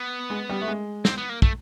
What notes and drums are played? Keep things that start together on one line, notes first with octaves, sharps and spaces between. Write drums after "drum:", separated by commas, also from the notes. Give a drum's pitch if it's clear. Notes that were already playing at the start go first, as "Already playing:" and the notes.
Already playing: B3
G#3
G3
A3
G#3
C4, drum: snare
B3
A#3
A3, drum: kick